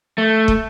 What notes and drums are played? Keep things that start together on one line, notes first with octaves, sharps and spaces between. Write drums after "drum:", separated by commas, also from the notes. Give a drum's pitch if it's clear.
A3
drum: kick